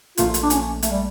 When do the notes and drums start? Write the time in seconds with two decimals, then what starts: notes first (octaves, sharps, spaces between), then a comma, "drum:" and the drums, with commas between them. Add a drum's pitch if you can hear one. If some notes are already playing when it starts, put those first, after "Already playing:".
0.17 A#1 A#2 A3 F4, drum: hi-hat
0.34 drum: hi-hat
0.43 D4
0.50 C#4, drum: hi-hat
0.83 A3, drum: hi-hat
0.91 G3